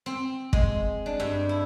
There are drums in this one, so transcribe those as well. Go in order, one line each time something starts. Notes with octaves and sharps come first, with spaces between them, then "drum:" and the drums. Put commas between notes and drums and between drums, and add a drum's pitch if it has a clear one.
C4
G#3, drum: kick
D4
G2
E4